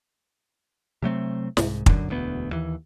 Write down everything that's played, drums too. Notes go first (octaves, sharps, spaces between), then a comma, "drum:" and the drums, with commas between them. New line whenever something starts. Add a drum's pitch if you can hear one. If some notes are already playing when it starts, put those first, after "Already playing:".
C3 F#3 A3 C4
C2 G#2, drum: snare
F#2 D3, drum: kick
E1 D2 B3
D#2 E3